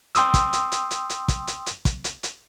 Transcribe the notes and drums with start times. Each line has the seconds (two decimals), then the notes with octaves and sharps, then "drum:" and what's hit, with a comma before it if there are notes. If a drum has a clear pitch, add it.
0.15 G5 C6 D#6 E6, drum: hi-hat
0.34 drum: kick, hi-hat
0.53 drum: hi-hat
0.72 drum: hi-hat
0.91 drum: hi-hat
1.09 drum: hi-hat
1.28 drum: kick, hi-hat
1.47 drum: hi-hat
1.66 drum: hi-hat
1.85 drum: kick, hi-hat
2.04 drum: hi-hat
2.23 drum: hi-hat